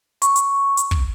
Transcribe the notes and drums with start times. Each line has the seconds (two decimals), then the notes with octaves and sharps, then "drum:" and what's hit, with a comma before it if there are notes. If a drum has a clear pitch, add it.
0.22 C#6, drum: hi-hat
0.36 drum: hi-hat
0.77 drum: hi-hat
0.91 drum: kick